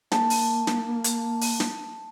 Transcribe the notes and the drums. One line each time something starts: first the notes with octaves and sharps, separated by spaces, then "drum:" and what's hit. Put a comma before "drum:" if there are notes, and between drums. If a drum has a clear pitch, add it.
A#3 A5, drum: snare
drum: open hi-hat
drum: snare
drum: hi-hat
drum: open hi-hat
drum: snare